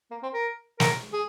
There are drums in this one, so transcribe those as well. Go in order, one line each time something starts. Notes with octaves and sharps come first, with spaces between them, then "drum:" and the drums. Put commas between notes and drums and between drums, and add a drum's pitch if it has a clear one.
A#3
C4
A#4
A#4, drum: snare
G#4